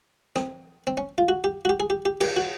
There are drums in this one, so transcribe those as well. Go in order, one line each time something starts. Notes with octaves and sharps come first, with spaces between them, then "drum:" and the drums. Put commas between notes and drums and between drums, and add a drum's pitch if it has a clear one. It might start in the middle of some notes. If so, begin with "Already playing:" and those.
C4, drum: rim click
C4
C#4
F4
F#4
G4
F#4
G4
G#4
G4
G4
G4, drum: cymbal
F#4